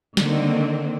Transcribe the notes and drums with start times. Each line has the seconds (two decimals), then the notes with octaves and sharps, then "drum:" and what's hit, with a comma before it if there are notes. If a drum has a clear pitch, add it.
0.17 D3 D#3 A#3 C4, drum: snare